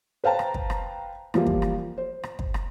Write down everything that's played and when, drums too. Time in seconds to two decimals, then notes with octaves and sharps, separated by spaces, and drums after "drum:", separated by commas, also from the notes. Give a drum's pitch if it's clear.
0.24 B4 C5 F5 G5 A5 A#5
0.39 drum: rim click
0.54 drum: kick
0.70 drum: rim click
1.34 E3 F3 G3 A#3, drum: rim click
1.47 drum: kick
1.62 drum: rim click
1.98 C5
2.23 drum: rim click
2.39 drum: kick
2.54 drum: rim click